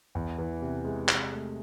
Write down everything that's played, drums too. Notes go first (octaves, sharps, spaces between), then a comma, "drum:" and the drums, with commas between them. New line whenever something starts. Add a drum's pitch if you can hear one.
E2
E3
C3
G#3
C3, drum: clap
A3